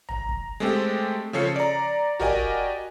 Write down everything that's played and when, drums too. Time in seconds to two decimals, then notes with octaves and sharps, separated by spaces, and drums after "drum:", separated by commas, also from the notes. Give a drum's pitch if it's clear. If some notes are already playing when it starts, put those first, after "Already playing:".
0.09 A#5, drum: tom
0.29 drum: kick
0.60 G#3 A3 C4 G4 A4
1.33 C#3 F3 C#4 A4 C7 C#7
1.56 D5 A#5
2.20 F#4 G4 A#4 D5 D#5 G#5, drum: tom